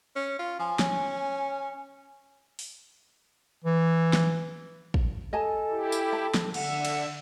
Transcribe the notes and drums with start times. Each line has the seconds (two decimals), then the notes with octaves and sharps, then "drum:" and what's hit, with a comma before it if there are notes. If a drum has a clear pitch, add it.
0.16 C#4
0.39 F4
0.59 F3 G#5
0.79 C#4, drum: snare
2.59 drum: open hi-hat
3.65 E3
4.13 drum: snare
4.94 drum: kick
5.33 A4 D#5 G#5 A5
5.70 E4 G4
5.92 drum: tambourine
6.13 A5
6.34 drum: snare
6.54 D3 E5 F#5, drum: cymbal
6.85 drum: cymbal